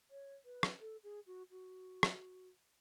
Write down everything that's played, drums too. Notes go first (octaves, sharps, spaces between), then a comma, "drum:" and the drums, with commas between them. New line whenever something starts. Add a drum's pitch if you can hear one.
C#5
B4
drum: rim click
A4
G#4
F#4
F#4
drum: rim click